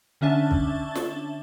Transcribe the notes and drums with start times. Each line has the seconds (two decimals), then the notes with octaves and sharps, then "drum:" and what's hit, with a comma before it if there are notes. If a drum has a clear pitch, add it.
0.21 D3 C#4 D4 E5 A5 A6
0.51 drum: kick
0.95 drum: snare